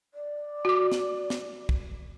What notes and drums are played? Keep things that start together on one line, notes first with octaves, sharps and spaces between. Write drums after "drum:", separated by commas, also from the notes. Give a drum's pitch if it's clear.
D5
F#4 D6
drum: snare
drum: snare
drum: kick